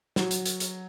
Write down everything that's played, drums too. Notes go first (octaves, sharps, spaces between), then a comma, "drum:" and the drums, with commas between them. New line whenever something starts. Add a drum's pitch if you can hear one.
F#3, drum: snare
drum: hi-hat
drum: hi-hat
drum: hi-hat